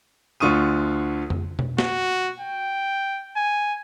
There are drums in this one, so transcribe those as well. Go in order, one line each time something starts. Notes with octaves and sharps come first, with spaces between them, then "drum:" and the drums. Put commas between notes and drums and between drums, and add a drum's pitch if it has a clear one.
D2 D3 F4 C#6 D#6 D#7
drum: tom F2
drum: tom B2
F#4, drum: snare
G5
G#5